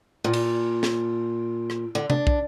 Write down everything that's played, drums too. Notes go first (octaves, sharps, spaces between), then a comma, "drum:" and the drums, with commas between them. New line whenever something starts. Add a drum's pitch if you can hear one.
A#2
drum: cymbal
drum: snare
drum: rim click
D3
D4, drum: tom C3
drum: kick